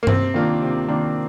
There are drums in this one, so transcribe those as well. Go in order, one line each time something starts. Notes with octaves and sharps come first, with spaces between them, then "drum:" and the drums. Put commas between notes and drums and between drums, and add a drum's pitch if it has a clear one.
A#3
C3 C4, drum: tom G2
D#3 A#3 D4 F4
C3
D#3 A#3 D4 F4